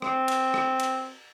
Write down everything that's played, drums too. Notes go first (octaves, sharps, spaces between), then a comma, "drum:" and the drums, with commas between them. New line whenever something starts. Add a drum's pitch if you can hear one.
C4, drum: rim click
drum: cymbal
drum: rim click
drum: cymbal